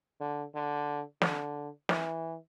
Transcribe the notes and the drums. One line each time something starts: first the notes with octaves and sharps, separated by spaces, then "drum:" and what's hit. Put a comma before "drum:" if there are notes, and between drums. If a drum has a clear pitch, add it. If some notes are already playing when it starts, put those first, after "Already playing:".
D3
D3
D3, drum: snare
E3, drum: snare